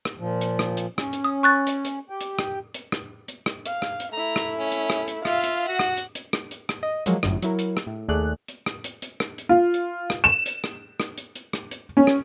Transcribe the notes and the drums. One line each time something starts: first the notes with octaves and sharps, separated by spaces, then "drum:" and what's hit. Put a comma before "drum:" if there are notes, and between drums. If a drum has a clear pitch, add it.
drum: rim click
A#2 F3
drum: hi-hat
drum: rim click
drum: hi-hat
C#4, drum: rim click
drum: hi-hat
D#6
C#6 F#6 A6
drum: hi-hat
drum: hi-hat
G4 G5
drum: hi-hat
drum: rim click
drum: hi-hat
drum: rim click
drum: hi-hat
drum: rim click
F5, drum: hi-hat
drum: rim click
drum: hi-hat
A3 E4 A#5
drum: rim click
C#4
drum: hi-hat
drum: rim click
drum: hi-hat
F4 E5 F5, drum: rim click
drum: hi-hat
F#4 F#5
drum: rim click
drum: hi-hat
drum: hi-hat
drum: rim click
drum: hi-hat
drum: rim click
D#5
F3 F#3 G#3 A#3, drum: hi-hat
G1 F#2 A2, drum: rim click
F#3 E4 A#4, drum: hi-hat
drum: hi-hat
drum: rim click
A2
D#2 A3 G#4 D5 F#6
drum: hi-hat
drum: rim click
drum: hi-hat
drum: hi-hat
drum: rim click
drum: hi-hat
F4
drum: hi-hat
drum: rim click
E7
drum: hi-hat
drum: rim click
drum: rim click
drum: hi-hat
drum: hi-hat
drum: rim click
drum: hi-hat
C#4
drum: rim click